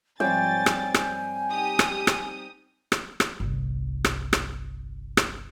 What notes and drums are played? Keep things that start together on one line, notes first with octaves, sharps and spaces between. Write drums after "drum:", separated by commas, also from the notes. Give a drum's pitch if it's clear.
G#2 F3 G3 C4 C#5 G5 G#5 A6
drum: rim click
drum: rim click
D#4 G4 D#6
drum: rim click
drum: rim click
drum: rim click
drum: rim click
G1 C2
drum: rim click
drum: rim click
drum: rim click